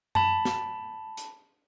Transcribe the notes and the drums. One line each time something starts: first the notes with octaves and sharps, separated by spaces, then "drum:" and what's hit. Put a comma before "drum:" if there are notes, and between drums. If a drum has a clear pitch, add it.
A5 B5, drum: tom F#2
drum: snare
drum: hi-hat